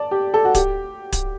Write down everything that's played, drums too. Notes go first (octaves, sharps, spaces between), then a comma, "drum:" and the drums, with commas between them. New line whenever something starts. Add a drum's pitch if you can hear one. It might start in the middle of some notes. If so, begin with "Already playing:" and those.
Already playing: D5 A5
G4
A4
F#4
G4, drum: kick D1, hi-hat
drum: kick D1, hi-hat